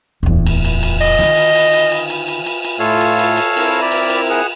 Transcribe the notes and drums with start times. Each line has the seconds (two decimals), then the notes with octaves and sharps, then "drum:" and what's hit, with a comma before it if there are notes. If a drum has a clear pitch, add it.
0.23 D1 E2
0.46 drum: cymbal
0.65 drum: cymbal
0.83 drum: cymbal
1.01 D#5, drum: cymbal
1.19 D3 D#3, drum: cymbal
1.37 drum: cymbal
1.56 drum: cymbal
1.74 drum: cymbal
1.92 drum: cymbal
2.10 drum: cymbal
2.28 drum: cymbal
2.46 drum: cymbal
2.65 drum: cymbal
2.79 A2 A3 F4 A4 C#5 F5
3.01 drum: cymbal
3.19 drum: cymbal
3.37 drum: cymbal
3.57 C4 E4 A#4, drum: cymbal
3.82 D5 B5
3.92 drum: cymbal
4.10 drum: cymbal
4.30 G#4 F#5